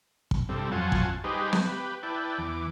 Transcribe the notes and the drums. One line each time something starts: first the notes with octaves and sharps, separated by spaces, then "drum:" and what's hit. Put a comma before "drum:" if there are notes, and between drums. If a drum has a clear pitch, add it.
drum: kick
G2 C3 G3 C4 A4
F2 F#3 F4 F#5 G#5 A5
drum: kick
G3 D#4 G4 G#4 B4 C5
drum: snare
G4 B4
E4 B4 D5 G5 A5
E2 E3 D6